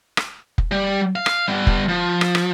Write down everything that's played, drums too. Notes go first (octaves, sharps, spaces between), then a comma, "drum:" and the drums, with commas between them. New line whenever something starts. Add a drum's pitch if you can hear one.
drum: rim click
drum: kick F1
G3
F5
drum: rim click
G3 B3
drum: kick F1
F3
drum: rim click
drum: rim click